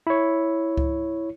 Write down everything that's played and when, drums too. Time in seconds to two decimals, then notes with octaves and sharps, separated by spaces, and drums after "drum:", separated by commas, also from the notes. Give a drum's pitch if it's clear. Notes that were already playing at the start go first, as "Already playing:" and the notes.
0.07 E4 C#5
0.77 drum: kick C#2